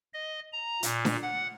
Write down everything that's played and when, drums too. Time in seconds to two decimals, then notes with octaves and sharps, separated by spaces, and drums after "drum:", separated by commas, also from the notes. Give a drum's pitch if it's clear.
0.13 D#5
0.52 A#5
0.83 A#2, drum: hi-hat
1.05 drum: snare D4
1.22 F#5